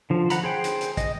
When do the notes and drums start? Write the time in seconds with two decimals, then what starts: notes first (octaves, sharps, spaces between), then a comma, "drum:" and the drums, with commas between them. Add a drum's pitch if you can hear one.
0.10 D3 F3
0.30 F#5 A#5 B5, drum: hi-hat
0.44 G#4 C5 G5
0.64 drum: hi-hat
0.81 drum: hi-hat
0.97 D#5, drum: kick, hi-hat